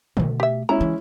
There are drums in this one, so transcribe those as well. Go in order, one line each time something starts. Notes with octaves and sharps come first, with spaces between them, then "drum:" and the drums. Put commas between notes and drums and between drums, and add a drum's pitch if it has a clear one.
B2 A3, drum: tom D3
G4 E5
G#3 C#4 E4 A#5
E3